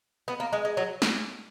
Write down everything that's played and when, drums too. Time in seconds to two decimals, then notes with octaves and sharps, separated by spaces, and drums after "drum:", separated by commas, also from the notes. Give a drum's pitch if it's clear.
0.28 B3
0.40 A#3
0.53 G#3
0.65 G#3
0.77 F#3
1.02 drum: snare